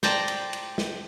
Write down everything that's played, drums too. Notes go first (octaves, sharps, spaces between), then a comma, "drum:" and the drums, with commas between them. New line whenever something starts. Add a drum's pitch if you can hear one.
C5 D5 G5 A5 A#5, drum: snare
drum: cymbal
drum: cymbal
drum: snare